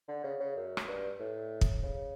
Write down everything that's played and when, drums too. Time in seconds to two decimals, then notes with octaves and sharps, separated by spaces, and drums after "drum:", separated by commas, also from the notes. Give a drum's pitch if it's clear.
0.08 D3
0.24 C#3
0.40 C#3
0.56 F#2
0.77 drum: rim click
0.87 G2
1.20 A2
1.61 drum: kick
1.83 C#3